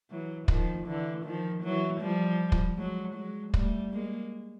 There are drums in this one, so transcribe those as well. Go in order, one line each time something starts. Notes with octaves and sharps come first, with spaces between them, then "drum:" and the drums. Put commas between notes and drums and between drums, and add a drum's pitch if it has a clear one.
E3 F#3
D#3 F3, drum: kick
D3 E3
D#3 F3
E3 F#3
F3 G3
drum: kick
F#3 G#3
F#3 G#3
G3 A3, drum: kick
G#3 A#3